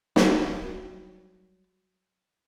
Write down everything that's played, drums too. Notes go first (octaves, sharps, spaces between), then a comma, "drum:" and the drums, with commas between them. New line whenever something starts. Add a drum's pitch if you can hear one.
F#3 G3, drum: snare